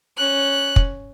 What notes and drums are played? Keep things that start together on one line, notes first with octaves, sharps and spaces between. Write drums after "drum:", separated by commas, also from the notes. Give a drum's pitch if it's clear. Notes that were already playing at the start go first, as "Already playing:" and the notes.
C#4 F#6
drum: kick